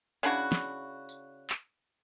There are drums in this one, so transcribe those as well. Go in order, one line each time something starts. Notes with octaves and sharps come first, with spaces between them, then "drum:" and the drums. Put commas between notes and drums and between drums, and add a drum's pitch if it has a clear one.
C#3 D4 E4 F#4
drum: snare
drum: tambourine
drum: clap